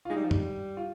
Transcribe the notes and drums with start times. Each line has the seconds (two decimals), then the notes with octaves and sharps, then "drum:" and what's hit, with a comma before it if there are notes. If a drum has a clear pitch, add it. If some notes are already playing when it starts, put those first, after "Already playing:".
0.05 F4
0.10 G#3 D#4
0.16 G3
0.24 F3
0.31 G3, drum: tom F#2
0.77 F4